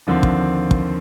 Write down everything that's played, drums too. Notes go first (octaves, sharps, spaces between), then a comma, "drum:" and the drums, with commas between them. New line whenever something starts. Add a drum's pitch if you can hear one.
D#2 D3 F3 C4
drum: kick
drum: kick